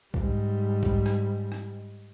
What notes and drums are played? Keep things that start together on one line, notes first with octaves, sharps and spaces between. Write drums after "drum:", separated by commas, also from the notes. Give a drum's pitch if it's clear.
G#2 G3, drum: kick B1
drum: kick B1
drum: rim click
drum: rim click